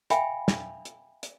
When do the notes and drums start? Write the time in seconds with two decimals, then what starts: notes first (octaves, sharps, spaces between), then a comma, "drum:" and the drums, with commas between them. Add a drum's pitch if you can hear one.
0.10 E5 F5 G5 G#5 B5, drum: hi-hat
0.48 drum: snare
0.85 drum: hi-hat
1.23 drum: hi-hat